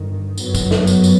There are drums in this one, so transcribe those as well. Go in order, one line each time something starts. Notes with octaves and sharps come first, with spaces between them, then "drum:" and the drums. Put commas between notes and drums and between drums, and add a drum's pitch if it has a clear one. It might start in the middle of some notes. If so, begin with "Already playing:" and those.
Already playing: G1 G2 D#3
G1 F#2 F#3 B3, drum: tambourine
drum: kick, tambourine
drum: snare
drum: tambourine
drum: tambourine